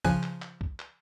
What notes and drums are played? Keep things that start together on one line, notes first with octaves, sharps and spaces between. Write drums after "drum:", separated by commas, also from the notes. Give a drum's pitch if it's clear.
C#3 F3 G#5 F#6, drum: kick C#2
drum: clap
drum: clap
drum: kick C#2
drum: clap